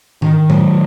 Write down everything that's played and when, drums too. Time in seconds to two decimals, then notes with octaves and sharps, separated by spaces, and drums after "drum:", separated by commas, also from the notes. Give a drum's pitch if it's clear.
0.22 D#3, drum: tom G#2
0.50 F#3, drum: tom A2